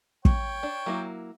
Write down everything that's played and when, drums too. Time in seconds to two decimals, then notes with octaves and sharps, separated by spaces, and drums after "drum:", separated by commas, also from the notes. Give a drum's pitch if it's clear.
0.25 C#5 G5, drum: kick
0.63 D4
0.86 F#3 A#3 E4